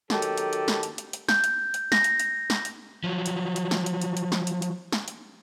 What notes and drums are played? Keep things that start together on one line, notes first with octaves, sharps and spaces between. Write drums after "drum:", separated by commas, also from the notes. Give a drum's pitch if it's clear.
D#3 F#3 G4 A4, drum: snare
drum: hi-hat
drum: hi-hat
drum: hi-hat
drum: snare
drum: hi-hat
drum: hi-hat
drum: hi-hat
G6, drum: snare
drum: hi-hat
drum: hi-hat
A#6, drum: snare
drum: hi-hat
drum: hi-hat
drum: snare
drum: hi-hat
F3 F#3
drum: hi-hat
drum: hi-hat
drum: snare
drum: hi-hat
drum: hi-hat
drum: hi-hat
drum: snare
drum: hi-hat
drum: hi-hat
drum: snare
drum: hi-hat